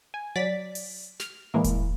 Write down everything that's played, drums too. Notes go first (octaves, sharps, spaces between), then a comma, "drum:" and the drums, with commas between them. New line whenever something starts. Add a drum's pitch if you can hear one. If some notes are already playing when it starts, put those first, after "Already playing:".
G#5
F#3 D5 D6 A6 B6
drum: open hi-hat
F6, drum: snare
A2 E3 G#3 A#3 E4
drum: kick E1, hi-hat